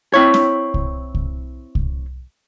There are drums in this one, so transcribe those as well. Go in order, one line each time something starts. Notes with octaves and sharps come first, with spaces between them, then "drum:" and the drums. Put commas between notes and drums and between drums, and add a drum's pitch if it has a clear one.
C4 E4 C#5
drum: snare
drum: kick C2
drum: kick C2
drum: kick C2